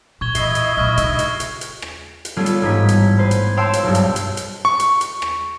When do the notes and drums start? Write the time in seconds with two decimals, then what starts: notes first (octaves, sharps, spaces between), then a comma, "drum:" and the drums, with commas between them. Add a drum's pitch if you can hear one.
0.21 A#2 C#6 G#6 G7
0.35 A#2 E3 E4 D#5 C7 G7, drum: hi-hat
0.55 drum: hi-hat
0.77 B1 A#2 C#6 F6 G7
0.97 C#3 D#4, drum: hi-hat
1.19 drum: hi-hat
1.40 drum: hi-hat
1.61 drum: hi-hat
1.82 drum: rim click
2.25 drum: hi-hat
2.37 G3 A3 B3 C#4 F4 G#4
2.46 drum: hi-hat
2.62 A1 G#2 G#5 B6
2.88 drum: hi-hat
3.18 B4 C5 G#5
3.31 drum: hi-hat
3.57 C#5 F5 G5 A5 C6 E6
3.73 drum: hi-hat
3.83 B1 G2
3.95 drum: hi-hat
4.16 drum: hi-hat
4.37 drum: hi-hat
4.65 C#6
4.80 drum: hi-hat
5.01 drum: hi-hat
5.22 drum: rim click